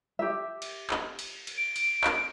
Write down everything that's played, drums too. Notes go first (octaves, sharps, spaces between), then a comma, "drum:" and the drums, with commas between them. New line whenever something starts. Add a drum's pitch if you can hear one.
G4 E5
drum: cymbal
drum: clap
drum: cymbal
drum: cymbal
D7
drum: cymbal
drum: clap